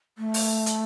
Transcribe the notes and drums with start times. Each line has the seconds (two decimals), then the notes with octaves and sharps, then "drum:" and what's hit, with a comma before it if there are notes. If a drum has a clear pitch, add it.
0.18 A3
0.34 drum: open hi-hat
0.66 drum: hi-hat